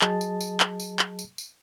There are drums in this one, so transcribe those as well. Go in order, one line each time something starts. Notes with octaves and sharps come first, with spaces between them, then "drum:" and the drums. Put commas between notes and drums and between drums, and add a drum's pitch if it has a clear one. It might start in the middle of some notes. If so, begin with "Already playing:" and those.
F#3 G#4 D#5 A5, drum: clap
drum: tambourine
drum: tambourine
drum: clap
drum: tambourine
drum: clap
drum: tambourine
drum: tambourine